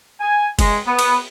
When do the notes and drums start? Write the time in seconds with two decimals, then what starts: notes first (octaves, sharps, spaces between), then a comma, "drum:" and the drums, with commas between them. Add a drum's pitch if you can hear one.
0.20 G#5
0.59 G#3, drum: kick, cymbal
0.87 B3
0.99 drum: cymbal